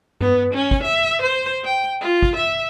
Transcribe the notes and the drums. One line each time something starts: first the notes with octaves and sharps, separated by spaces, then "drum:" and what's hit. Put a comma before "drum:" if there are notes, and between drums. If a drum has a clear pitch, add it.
B3, drum: tom G2
C#4
drum: kick
E5
C5
G5
F4
drum: kick
E5